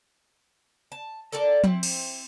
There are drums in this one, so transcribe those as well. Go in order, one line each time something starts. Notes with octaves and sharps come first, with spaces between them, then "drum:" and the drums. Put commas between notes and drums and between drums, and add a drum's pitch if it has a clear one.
A5
A4 A#4 D5 A5
C4 E4, drum: tom F3
drum: cymbal